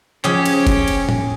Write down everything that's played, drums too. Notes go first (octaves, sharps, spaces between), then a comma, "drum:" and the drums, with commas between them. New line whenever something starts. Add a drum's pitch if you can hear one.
C#3 F3 C#4 G4 G#4, drum: clap
drum: cymbal
drum: kick F1, cymbal
drum: cymbal
drum: tom A2